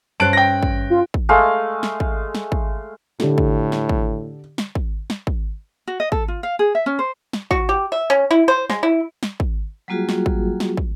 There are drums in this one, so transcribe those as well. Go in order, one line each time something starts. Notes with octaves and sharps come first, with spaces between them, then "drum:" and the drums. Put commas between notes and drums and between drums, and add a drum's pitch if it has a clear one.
G2 C#4 C5 A5 F#6 D7
G5 A#6
drum: kick
F4
drum: kick
G#3 A3 F5
drum: snare
drum: kick
drum: snare
drum: kick
A2 D3 G4 A4, drum: snare
drum: kick
drum: snare
drum: kick
drum: snare
drum: kick
drum: snare
drum: kick
F#4
D#5
A4, drum: kick
F4
F5
G#4
E5
C#4
C5
drum: snare
F#4, drum: kick
G4
E5
C#4
E4
C5
G#3, drum: snare
E4
drum: snare
drum: kick
F#3 G3 A#3 F4 F#4 G#4
drum: snare
drum: kick
drum: snare
drum: kick